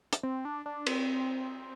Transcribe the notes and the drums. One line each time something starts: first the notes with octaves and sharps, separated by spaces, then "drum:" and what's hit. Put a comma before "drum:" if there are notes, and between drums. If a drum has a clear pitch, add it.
drum: hi-hat
C4
D4
D4
C4, drum: cymbal